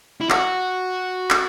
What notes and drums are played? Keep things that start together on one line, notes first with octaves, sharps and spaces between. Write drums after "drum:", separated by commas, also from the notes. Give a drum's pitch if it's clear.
E4
F#4, drum: clap
drum: clap